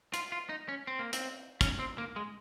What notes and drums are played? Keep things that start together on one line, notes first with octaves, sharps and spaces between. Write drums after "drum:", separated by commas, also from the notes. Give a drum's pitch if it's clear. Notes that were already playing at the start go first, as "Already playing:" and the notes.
F4, drum: hi-hat
F4
D#4
C#4
C4
A#3
C4, drum: hi-hat
C#4, drum: kick, hi-hat
C4
A#3
G#3